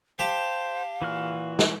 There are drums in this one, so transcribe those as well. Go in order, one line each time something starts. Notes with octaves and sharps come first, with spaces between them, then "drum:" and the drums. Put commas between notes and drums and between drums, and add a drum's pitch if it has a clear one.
G4 C5 F5 A5
A#2 E3 F#4 F6
drum: snare